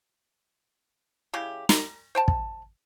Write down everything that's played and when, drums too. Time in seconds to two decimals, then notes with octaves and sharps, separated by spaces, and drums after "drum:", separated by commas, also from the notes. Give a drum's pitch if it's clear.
1.34 C#3 G#3 E4 G4
1.69 A#5, drum: snare
2.15 C5 G5 A5
2.28 drum: kick